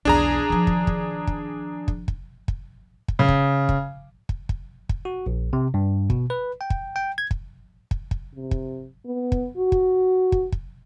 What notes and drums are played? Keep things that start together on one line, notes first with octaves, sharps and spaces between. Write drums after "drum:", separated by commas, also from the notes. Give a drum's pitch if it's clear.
B1 E2 D4 G#4 A#5
D#3 F3
drum: kick
drum: kick
drum: kick
drum: kick
drum: kick
drum: kick
drum: kick
C#3
drum: kick
drum: kick
drum: kick
drum: kick
drum: kick
F#4
A#1
C3
G2
B2, drum: kick
B4
G5
drum: kick
G5
G#6
drum: kick
drum: kick
drum: kick
C3
drum: kick
B3
drum: kick
F#4
drum: kick
drum: kick
drum: kick